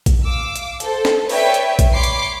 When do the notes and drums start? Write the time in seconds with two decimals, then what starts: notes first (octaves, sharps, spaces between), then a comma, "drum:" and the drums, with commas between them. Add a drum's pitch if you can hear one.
0.06 drum: kick A#1, hi-hat
0.25 F5 D6 E6
0.56 drum: hi-hat
0.80 A4 C5, drum: hi-hat
1.05 drum: snare
1.29 B4 C#5 D5 E5 G5, drum: open hi-hat
1.54 drum: hi-hat
1.79 drum: kick A#1, hi-hat
1.93 C#5 B5 C6 D6 C7
2.03 drum: hi-hat